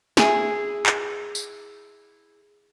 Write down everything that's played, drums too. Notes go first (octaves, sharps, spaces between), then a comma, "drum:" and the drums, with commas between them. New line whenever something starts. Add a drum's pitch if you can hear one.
E4 G#4, drum: snare
drum: clap
drum: tambourine